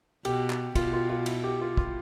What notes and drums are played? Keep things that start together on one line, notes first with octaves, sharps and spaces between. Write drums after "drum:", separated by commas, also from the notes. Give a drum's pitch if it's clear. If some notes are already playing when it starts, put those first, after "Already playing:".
B2 G4, drum: cymbal
drum: clap
B2 F4, drum: kick, cymbal
F4
F4
E4, drum: cymbal
G4
F4
F4, drum: kick